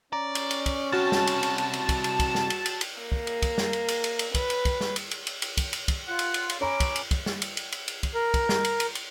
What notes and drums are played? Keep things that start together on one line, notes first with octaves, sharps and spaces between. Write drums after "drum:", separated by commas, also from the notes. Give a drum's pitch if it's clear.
C#4 D5 A#5
drum: cymbal
drum: cymbal
drum: kick, cymbal
C2 C4 F#4 A5 F6 A6
drum: snare
drum: cymbal
drum: cymbal
drum: cymbal
drum: cymbal
drum: kick, cymbal
drum: cymbal
drum: kick, cymbal
drum: snare
drum: cymbal
drum: cymbal
drum: cymbal
A#3
drum: kick
drum: cymbal
drum: kick, cymbal
drum: snare
drum: cymbal
drum: cymbal
drum: cymbal
drum: cymbal
B4, drum: kick, cymbal
drum: cymbal
drum: kick, cymbal
drum: snare
drum: cymbal
drum: cymbal
drum: cymbal
drum: cymbal
drum: kick, cymbal
drum: cymbal
drum: kick, cymbal
F4 F#5
drum: cymbal
drum: cymbal
drum: cymbal
C#4 C#5 A#5 B5 D6
drum: kick, cymbal
drum: cymbal
drum: kick, cymbal
drum: snare
drum: cymbal
drum: cymbal
drum: cymbal
drum: cymbal
drum: kick, cymbal
A#4
drum: kick, cymbal
drum: snare
drum: cymbal
drum: cymbal
drum: cymbal